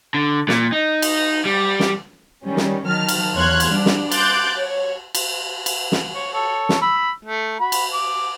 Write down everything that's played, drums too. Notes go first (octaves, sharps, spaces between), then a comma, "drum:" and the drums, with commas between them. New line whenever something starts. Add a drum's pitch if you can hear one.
D3
A#2, drum: snare
D#4
drum: cymbal
G3
drum: snare
D#3 G3 C#4
drum: snare
D#3 F#3 A5 F6
drum: cymbal
E2 C#5 C6 F6 F#6 G#6
drum: cymbal
G3 D4
drum: snare
C6 D6 F#6 G6 A6, drum: cymbal
C#5
drum: cymbal
drum: cymbal
drum: snare
C#5
A4 C#5
drum: snare
B5 E6
A3
F#4 B5
drum: cymbal
D6